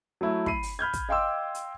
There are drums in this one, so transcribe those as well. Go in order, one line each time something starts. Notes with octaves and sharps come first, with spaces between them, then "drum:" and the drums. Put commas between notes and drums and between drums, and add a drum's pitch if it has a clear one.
F#3 A3 E4
B5 C7 D#7, drum: kick
drum: open hi-hat
B5 F6 G6 G#6
drum: kick, hi-hat
D#5 F5 G5 C6 D6 E6
drum: hi-hat